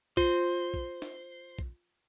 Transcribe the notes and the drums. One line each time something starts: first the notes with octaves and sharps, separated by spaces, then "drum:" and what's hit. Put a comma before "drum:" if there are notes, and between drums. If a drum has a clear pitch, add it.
F4 C5, drum: kick B1
drum: kick B1
drum: snare
drum: kick B1